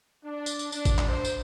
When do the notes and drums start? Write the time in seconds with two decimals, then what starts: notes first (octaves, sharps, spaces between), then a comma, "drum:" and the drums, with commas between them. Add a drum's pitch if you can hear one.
0.24 D4
0.46 drum: tambourine
0.59 drum: tambourine
0.72 D4, drum: tambourine
0.85 drum: kick G#1, tambourine
0.98 drum: clap
1.08 C5
1.25 drum: tambourine